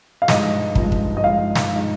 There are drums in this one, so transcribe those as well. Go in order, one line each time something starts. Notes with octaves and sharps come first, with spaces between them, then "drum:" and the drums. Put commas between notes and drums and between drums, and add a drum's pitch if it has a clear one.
F5
G2 F3 G#3 D#4 D#5, drum: snare
G2 F3 G#3 D#4, drum: kick
drum: kick
D#5
G2 F3 G#3 D#4 F5
drum: snare
F3 G#3 D#4